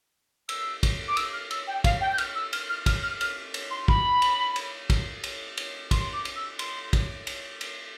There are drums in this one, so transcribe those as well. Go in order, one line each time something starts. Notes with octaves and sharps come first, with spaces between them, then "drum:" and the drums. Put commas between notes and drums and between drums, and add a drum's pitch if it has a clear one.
E6, drum: cymbal
drum: kick, cymbal
D6
E6, drum: cymbal
F6
E6, drum: cymbal
G5
F5, drum: kick, cymbal
G5
G6
F6, drum: cymbal
E6
F6, drum: cymbal
F6
F6, drum: kick, cymbal
F6
F6, drum: cymbal
drum: cymbal
C6
B5, drum: kick
drum: cymbal
drum: cymbal
drum: kick, cymbal
drum: cymbal
drum: cymbal
C6, drum: kick, cymbal
D6
drum: cymbal
E6
C6, drum: cymbal
drum: kick, cymbal
drum: cymbal
drum: cymbal